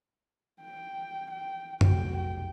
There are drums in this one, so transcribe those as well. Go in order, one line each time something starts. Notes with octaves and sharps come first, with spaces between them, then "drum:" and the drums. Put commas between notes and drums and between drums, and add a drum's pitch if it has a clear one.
G5
G5
F1 B1 F#4 G5, drum: tom F#2
G5